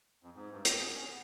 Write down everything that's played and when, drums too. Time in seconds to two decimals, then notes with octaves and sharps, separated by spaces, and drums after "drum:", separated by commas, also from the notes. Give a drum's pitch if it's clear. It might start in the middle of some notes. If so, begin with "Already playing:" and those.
0.23 F2
0.35 G#2
0.52 G2
0.65 G5, drum: hi-hat
0.77 G#4
0.93 C#4
1.09 B3